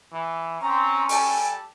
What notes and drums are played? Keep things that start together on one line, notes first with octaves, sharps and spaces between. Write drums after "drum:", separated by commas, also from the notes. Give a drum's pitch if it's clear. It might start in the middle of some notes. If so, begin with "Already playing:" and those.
E3
C4 C#4 A#5
G3 A4 G#5 A5, drum: open hi-hat